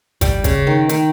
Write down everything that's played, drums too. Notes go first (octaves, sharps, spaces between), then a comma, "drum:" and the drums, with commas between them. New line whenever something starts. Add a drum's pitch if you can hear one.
G3, drum: kick, hi-hat
C#3, drum: kick, hi-hat
D#3
D#3, drum: hi-hat